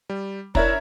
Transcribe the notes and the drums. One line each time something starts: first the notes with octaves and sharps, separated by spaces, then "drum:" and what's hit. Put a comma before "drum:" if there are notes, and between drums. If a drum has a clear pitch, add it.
G3
D4 E4 A#4 C#5 E5 A#5, drum: kick